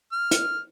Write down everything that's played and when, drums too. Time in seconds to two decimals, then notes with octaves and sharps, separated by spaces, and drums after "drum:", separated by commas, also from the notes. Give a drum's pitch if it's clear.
0.12 F6
0.31 drum: hi-hat